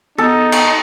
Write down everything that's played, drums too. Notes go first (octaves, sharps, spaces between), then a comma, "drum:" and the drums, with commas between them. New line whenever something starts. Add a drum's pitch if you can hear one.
B3 D#4 A4
drum: cymbal